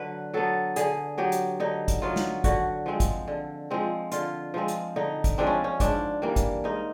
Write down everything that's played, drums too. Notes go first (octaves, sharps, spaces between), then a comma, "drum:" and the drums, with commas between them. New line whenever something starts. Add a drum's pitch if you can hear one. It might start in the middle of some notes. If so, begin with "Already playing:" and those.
Already playing: D3 F#3 B4
F#3 B3 A4
D3 G#4, drum: hi-hat
F#3 B3 G4
drum: hi-hat
D3 D#4
drum: kick, hi-hat
F#3 B3 F4
drum: snare
D3 F#4, drum: kick, hi-hat
F3 G#3 C4
drum: kick, hi-hat
D3
F3 G#3 C4
D3 F4, drum: hi-hat
F3 G#3 C4
drum: hi-hat
D3 D#4
drum: kick, hi-hat
F3 G#3 C4 D4
C#4
C#4
G#2 D4, drum: kick, hi-hat
E3 G3 A#3
drum: kick, hi-hat
G#2 D#4